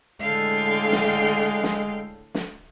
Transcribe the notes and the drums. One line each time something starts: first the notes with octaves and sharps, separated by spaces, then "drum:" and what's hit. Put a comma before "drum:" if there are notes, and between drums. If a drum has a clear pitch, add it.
A2 D3 G#3 F5 G5
drum: snare
drum: snare
drum: snare